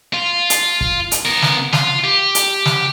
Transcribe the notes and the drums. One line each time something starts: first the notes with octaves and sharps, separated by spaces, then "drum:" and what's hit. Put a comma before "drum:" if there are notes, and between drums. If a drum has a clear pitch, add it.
F4
drum: hi-hat
drum: kick
drum: hi-hat
B3 A#4
drum: snare
F4, drum: snare
G4
drum: hi-hat
drum: snare